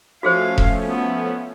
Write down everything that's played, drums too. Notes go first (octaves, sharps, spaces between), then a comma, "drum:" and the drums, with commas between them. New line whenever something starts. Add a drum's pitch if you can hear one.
F3 A3 C#4 F#4 G#4 C5 F5
drum: kick E1
B3